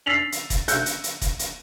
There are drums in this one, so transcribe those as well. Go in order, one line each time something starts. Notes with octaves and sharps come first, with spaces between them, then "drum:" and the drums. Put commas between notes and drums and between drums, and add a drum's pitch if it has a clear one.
E6 A6 B6 C7 F7 F#7
drum: hi-hat
drum: kick E1, hi-hat
E6 F#6 G6 C#7, drum: hi-hat
drum: hi-hat
drum: hi-hat
drum: kick E1, hi-hat
drum: hi-hat